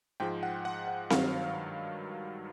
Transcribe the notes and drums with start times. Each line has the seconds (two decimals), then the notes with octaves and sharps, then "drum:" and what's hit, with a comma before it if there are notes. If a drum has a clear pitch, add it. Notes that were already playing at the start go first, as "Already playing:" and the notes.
0.20 G#2 F3 G#3 G5
0.43 F#5
0.65 F#5
0.88 F#5
1.10 G2 D#3 F#3 F5, drum: snare C4